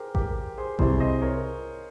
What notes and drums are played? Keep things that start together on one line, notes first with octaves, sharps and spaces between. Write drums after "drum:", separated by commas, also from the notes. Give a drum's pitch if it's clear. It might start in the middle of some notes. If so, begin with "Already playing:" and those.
Already playing: G4 G#4 A#4 C5
G4 A#4, drum: kick A1
G#4 C5
C2 C3 G3 G#4 C5, drum: kick A1
C5 D#5
A#4 C#5